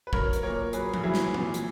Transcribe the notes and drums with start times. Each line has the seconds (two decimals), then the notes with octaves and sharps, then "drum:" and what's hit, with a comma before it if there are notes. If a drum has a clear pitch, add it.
0.07 B4
0.13 F#3 A#4 C#5, drum: kick
0.33 drum: hi-hat
0.43 A#2 A#4 C#5
0.73 F#3 G#4 B4, drum: hi-hat
0.94 drum: tom F3
1.03 F#3 E4 G#4
1.14 drum: snare
1.34 A#2, drum: tom E3
1.54 drum: hi-hat